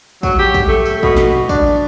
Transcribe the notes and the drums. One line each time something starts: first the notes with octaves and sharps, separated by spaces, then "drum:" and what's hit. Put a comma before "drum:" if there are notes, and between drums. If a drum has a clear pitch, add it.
F#3, drum: kick, tambourine
G4
drum: kick, tambourine
A3
drum: tambourine
B2, drum: kick
drum: snare
D4, drum: kick, tambourine